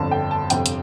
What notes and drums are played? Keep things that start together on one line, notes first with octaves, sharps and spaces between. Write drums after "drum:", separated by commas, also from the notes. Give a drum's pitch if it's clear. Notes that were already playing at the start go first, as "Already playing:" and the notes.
Already playing: G1 F2 D3 A5
G5
A5
G1 F2 C3 G5, drum: hi-hat
drum: hi-hat